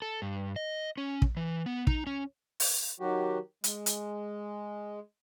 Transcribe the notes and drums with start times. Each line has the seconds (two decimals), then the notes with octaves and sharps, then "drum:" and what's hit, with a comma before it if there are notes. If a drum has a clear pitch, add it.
0.02 A4
0.22 G2
0.56 D#5
0.97 C#4
1.22 drum: kick
1.37 E3
1.66 B3
1.87 D#4, drum: kick
2.07 C#4
2.60 drum: open hi-hat
3.00 D#3 F#3 F#4 G4
3.64 G#3, drum: hi-hat
3.86 drum: hi-hat